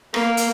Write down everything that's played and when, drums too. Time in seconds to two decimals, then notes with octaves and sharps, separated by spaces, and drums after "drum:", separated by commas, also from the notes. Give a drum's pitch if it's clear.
0.14 A#3, drum: rim click
0.37 drum: hi-hat